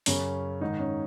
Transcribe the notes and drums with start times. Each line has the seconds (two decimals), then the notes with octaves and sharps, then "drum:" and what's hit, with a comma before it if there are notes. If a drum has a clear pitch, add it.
0.06 F#2 C#3 C#4, drum: open hi-hat
0.61 G#2 D#3 D#4
0.79 C#4